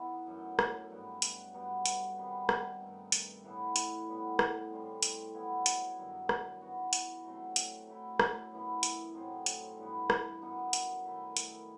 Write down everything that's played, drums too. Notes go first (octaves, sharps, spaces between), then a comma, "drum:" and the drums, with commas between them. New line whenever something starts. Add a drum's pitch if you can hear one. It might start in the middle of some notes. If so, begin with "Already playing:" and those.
Already playing: E3 B3 D#4 A4
F#2 F#3 A3
drum: rim click
G2 F#3 B3
drum: hi-hat
G2 F#3 B3
drum: hi-hat
C3 D#3 G3 B3
drum: rim click
G2 D#3 A3
drum: hi-hat
A2 E3 B3 E4
drum: hi-hat
A2 G3 B3
drum: rim click
A2 G3 C4
drum: hi-hat
F#3 B3 E4
drum: hi-hat
G2 D#3 F#3
drum: rim click
E3 B3 F#4
drum: hi-hat
C3 F#3 A3
drum: hi-hat
F#3 A3 E4
drum: rim click
F#2 E3 B3 E4
drum: hi-hat
A2 F#3 C4 D#4
drum: hi-hat
G2 E3 B3 E4
drum: rim click
F#2 F#3 B3 D#4
drum: hi-hat
D#3 A3 E4
drum: hi-hat